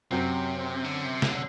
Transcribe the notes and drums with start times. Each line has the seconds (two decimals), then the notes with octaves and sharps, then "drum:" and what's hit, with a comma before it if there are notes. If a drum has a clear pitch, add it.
0.11 F#2 C3 F#3 C4 F#4 C5
0.84 D3
1.04 C3
1.22 D3, drum: snare